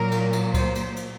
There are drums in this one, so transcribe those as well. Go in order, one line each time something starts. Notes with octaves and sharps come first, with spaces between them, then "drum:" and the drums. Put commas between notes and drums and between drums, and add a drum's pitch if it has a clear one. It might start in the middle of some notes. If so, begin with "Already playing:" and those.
Already playing: A#2 F#3 A#3 A#4
drum: cymbal
drum: cymbal
C5, drum: kick C#2, cymbal
drum: cymbal
drum: cymbal